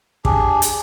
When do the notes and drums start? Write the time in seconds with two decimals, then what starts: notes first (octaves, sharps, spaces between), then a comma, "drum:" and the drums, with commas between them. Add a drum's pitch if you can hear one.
0.25 D4 G4 G#4, drum: kick
0.62 drum: hi-hat